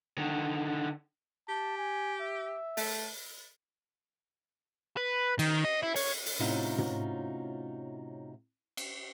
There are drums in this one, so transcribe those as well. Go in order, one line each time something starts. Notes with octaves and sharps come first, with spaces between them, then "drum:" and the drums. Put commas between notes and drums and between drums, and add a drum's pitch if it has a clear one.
D3 D#3
G4 A5
G#5
E5
A3, drum: open hi-hat
B4
D#3, drum: cymbal
D#5
E4
C#5, drum: open hi-hat
drum: open hi-hat
A2 C3 C#4 D#4 F4 F#4
drum: tom
drum: cymbal